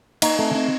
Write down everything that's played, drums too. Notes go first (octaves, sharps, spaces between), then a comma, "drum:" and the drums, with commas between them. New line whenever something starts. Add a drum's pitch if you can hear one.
A#3 D#4, drum: cymbal
A3 C4
C4 D#4